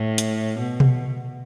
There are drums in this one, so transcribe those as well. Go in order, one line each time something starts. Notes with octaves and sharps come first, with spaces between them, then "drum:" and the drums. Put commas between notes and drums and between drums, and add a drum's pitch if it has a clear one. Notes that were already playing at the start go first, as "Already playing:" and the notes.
Already playing: A2
drum: hi-hat
B2
drum: tom B2